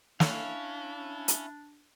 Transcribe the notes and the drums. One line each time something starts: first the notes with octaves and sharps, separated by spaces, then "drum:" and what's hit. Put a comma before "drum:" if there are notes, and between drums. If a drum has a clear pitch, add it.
C#4 D4 E4 F5, drum: snare
drum: hi-hat